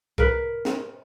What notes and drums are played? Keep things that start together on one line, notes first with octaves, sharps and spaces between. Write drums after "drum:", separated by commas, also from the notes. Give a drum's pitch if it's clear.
A#4 B4, drum: kick C2
drum: snare